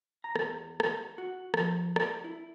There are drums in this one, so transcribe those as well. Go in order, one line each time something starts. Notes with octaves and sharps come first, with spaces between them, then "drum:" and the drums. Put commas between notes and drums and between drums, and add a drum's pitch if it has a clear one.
A#5
E2, drum: rim click
drum: rim click
F#4
F3, drum: rim click
D5, drum: rim click
E4